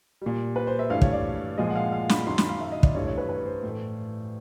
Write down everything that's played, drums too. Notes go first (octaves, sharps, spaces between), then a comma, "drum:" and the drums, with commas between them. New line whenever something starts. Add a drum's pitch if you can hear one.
A#2 G3
B4
C5
E5
G2 E3 A3 F5
C#5, drum: kick
D5
A#2 F3 G#3 D#5
F#5
F5
F5
B5, drum: snare
F#2 D#3 F#3 C6
B5, drum: snare
F5
E5
D#5
D5, drum: kick
G2 E3 A3 C#5
C#5
B4
B4
C5
A2 E3 A3